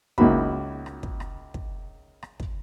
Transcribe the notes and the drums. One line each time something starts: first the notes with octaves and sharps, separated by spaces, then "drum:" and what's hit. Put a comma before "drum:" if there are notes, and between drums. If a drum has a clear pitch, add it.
C#2 A#3 D#4 E4 F#4 B5, drum: kick
drum: rim click
drum: kick
drum: rim click
drum: kick
drum: rim click
drum: kick